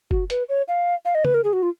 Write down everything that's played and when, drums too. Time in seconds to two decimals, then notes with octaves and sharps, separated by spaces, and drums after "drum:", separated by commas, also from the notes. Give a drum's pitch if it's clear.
0.11 F#4, drum: kick F#1
0.30 B4, drum: hi-hat
0.49 C#5
0.68 F5
1.05 F5
1.15 D#5
1.25 B4, drum: tom C#3
1.34 A#4
1.44 G#4
1.53 F#4
1.63 F4